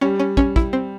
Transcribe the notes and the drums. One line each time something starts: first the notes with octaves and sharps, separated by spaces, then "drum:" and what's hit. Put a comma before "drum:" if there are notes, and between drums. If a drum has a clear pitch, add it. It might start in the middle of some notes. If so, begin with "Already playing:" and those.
G3 C#4
C#4
C#4, drum: kick
E4, drum: kick
C4